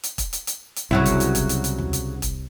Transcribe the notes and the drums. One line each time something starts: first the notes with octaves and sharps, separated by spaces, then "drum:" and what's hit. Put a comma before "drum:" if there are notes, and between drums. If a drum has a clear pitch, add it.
drum: hi-hat
drum: kick, hi-hat
drum: hi-hat
drum: hi-hat
drum: hi-hat
C2 C#3 F#3 E4
drum: kick, hi-hat
drum: hi-hat
drum: kick, hi-hat
drum: hi-hat
drum: hi-hat
drum: tom D#2
drum: hi-hat
drum: kick, hi-hat